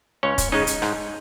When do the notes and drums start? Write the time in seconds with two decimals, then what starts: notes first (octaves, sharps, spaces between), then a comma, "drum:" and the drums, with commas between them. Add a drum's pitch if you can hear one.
0.23 C#2 C#4 C#5
0.38 drum: kick, hi-hat
0.52 C#3 G#3 C#4 D#4 D#5
0.67 drum: hi-hat
0.82 G#2, drum: rim click